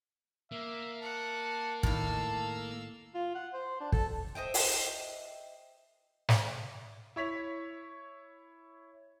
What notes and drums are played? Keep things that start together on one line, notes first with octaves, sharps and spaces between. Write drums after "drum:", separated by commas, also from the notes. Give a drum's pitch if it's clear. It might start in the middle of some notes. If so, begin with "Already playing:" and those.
A#3 E5
F#5 A5
A2 D#3 F5 A5 E6, drum: kick
F4
F#5
C5
D4
A4, drum: kick
C5 D#5 E5 G5
drum: open hi-hat
drum: snare
E4 C#5 B6 F7